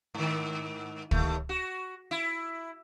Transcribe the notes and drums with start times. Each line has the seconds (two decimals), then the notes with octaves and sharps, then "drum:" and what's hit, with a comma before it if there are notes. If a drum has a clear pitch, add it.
0.14 G#2 D#3
1.11 D#2 A3, drum: kick
1.49 F#4
2.11 E4